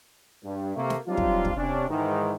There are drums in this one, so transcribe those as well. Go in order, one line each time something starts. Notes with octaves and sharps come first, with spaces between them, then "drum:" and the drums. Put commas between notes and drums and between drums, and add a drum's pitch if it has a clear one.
G2
C3 A3 A#3
drum: snare
F#3 G3 C4 D4 D#4 F4
drum: kick
drum: kick
C3 C#4 D4
G#2 D#3 E3